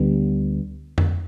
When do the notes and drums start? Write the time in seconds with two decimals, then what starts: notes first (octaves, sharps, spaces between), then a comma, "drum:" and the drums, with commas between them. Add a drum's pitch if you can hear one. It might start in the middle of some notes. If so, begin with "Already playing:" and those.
Already playing: D2 D3 G3 B3
0.98 drum: tom F2